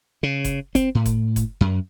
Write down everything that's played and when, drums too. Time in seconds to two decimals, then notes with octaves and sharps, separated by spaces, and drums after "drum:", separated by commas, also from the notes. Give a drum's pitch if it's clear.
0.23 C#3
0.44 drum: kick F#1, hi-hat
0.75 C4, drum: kick F#1, hi-hat
0.95 A2
1.06 drum: kick F#1, hi-hat
1.36 drum: kick F#1, hi-hat
1.61 F#2